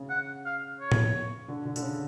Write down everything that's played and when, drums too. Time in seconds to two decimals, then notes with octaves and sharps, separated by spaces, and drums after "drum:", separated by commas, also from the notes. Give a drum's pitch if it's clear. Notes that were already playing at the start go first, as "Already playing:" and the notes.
Already playing: C#3
0.10 F#5
0.45 F5
0.80 C#5
0.92 drum: tom A2
1.48 D3
1.65 D3
1.76 D3, drum: tambourine
1.82 C#3